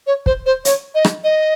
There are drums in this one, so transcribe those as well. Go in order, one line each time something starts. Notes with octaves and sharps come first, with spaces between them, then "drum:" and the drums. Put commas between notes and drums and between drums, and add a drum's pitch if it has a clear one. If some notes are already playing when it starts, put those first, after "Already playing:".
C#5
C5, drum: kick
C5
C#5, drum: hi-hat
D#5
drum: rim click
D#5